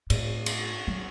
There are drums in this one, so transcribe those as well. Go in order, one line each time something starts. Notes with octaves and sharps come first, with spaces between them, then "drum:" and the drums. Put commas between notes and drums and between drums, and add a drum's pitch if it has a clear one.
A2, drum: cymbal
drum: cymbal
F#3